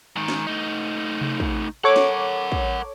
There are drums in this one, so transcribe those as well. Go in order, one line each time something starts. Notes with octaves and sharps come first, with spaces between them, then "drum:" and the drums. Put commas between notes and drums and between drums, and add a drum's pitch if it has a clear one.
G#2 D#3
drum: snare
A3 D#4
drum: tom C3
drum: kick
A4 A#4 C#5 F#5 D6
drum: snare
drum: kick